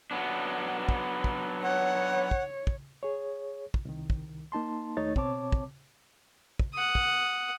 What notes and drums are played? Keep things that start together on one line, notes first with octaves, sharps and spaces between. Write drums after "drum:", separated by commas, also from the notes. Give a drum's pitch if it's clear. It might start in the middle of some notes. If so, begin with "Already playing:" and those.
F#3 B3 D4
drum: kick
drum: kick
C#5 F#5
drum: kick
drum: kick
G#4 C#5
drum: kick
C2 D#3
drum: kick
A#3 D#4 A5 C6
D#2 A3 D#4 C#5 A6
B2 C4 C#5 A5 D6, drum: kick
drum: kick
drum: kick
F#5 D#6
drum: kick